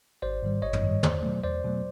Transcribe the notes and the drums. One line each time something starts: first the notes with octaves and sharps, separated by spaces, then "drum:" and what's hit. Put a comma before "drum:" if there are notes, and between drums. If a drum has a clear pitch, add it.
G#1 C5 D5
G#2 D#3 G3
G#1 C#5 D#5
drum: tom G2
G#2 D#3 G3
E2 C5 D5, drum: tom
B2 F#3 A3
E2 C5 D5
B2 F#3 A3